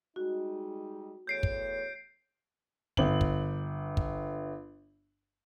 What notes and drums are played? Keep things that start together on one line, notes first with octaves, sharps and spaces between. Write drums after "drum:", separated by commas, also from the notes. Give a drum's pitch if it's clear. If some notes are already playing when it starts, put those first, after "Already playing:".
G3 G#3 D#4 F#4
E2 A3 C#5 G6 C7 D7
drum: kick
G1 F#7, drum: kick
drum: kick
drum: kick